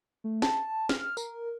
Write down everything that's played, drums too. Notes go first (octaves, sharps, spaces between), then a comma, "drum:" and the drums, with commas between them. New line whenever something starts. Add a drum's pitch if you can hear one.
A3
A5, drum: snare
F6, drum: snare
A#4, drum: tambourine